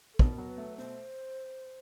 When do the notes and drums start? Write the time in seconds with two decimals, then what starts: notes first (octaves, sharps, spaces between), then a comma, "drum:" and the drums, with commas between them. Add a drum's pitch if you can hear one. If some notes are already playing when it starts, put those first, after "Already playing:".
0.14 A4
0.19 B2 A#4, drum: kick
0.38 F#3
0.48 B4
0.58 A3
0.77 B2 C5